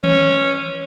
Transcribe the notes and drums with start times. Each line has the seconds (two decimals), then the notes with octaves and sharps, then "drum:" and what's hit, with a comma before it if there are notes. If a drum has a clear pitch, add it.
0.04 C#4, drum: tom D#3